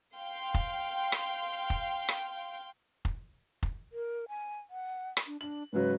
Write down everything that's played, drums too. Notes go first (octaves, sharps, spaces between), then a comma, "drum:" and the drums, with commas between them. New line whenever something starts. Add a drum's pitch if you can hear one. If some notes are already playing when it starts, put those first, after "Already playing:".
F5 G5 C6
drum: kick
drum: rim click
drum: kick
drum: rim click
drum: kick
drum: kick
A#4
G#5
F#5
drum: rim click
D4
D4 F#7
G#2 C#3 F#3 B4